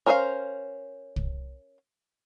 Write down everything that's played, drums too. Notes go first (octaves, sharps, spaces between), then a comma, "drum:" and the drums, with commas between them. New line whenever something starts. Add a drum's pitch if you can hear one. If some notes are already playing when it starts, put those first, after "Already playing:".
C#4 A#4 C5 D#5 F5
drum: kick